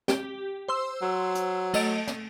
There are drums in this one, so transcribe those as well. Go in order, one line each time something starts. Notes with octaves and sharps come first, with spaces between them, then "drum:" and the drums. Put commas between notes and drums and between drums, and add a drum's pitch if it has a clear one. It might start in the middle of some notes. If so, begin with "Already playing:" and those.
G4, drum: snare
C5 C6 E6
F#3
drum: hi-hat
A3 D#5 D7, drum: cymbal
drum: snare